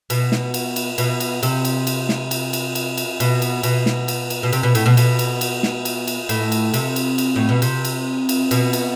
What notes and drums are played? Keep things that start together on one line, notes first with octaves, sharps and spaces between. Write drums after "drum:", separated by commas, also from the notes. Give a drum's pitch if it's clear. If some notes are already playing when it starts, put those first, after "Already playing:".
B2, drum: cymbal
drum: snare
drum: cymbal
drum: cymbal
B2, drum: cymbal
drum: cymbal
C3, drum: cymbal
drum: cymbal
drum: cymbal
drum: snare
drum: cymbal
drum: cymbal
drum: cymbal
drum: cymbal
B2, drum: cymbal
drum: cymbal
B2, drum: cymbal
drum: snare
drum: cymbal
drum: cymbal
B2
C3, drum: cymbal
B2
A2, drum: cymbal
B2
B2, drum: cymbal
drum: cymbal
drum: cymbal
drum: snare
drum: cymbal
drum: cymbal
A2, drum: cymbal
drum: cymbal
C3, drum: cymbal
drum: cymbal
drum: cymbal
A2
B2
C3, drum: cymbal
drum: cymbal
drum: cymbal
B2, drum: cymbal
drum: cymbal